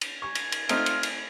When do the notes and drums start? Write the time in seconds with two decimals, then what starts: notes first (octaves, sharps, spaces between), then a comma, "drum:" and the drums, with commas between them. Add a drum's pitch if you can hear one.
0.01 drum: cymbal
0.22 G#5 C#6
0.35 drum: cymbal
0.52 drum: cymbal
0.69 A3 C4 D#4 F4, drum: cymbal
0.86 drum: cymbal
1.03 drum: cymbal